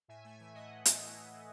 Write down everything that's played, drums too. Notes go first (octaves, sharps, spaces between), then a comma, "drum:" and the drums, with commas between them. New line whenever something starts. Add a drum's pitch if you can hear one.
A2 E5 G#5
A3 E5 G#5
E3 E5 G#5
A2 D#5 F#5
A2
A3, drum: hi-hat
E3
A2
A2